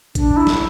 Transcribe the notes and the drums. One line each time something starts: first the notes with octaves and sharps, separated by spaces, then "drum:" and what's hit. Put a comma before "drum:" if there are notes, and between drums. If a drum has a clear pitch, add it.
D4, drum: kick G#1, hi-hat
E4
drum: snare